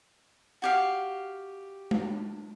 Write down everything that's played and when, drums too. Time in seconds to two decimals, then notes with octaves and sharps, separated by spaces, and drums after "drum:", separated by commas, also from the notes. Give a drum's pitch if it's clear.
0.62 F#4 G4 F5
1.91 drum: tom G#3